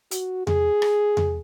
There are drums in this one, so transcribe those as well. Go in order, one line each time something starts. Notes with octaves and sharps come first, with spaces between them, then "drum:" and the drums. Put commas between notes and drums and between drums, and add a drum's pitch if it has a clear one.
F#4, drum: hi-hat
G#4, drum: tom E2
drum: rim click
drum: tom E2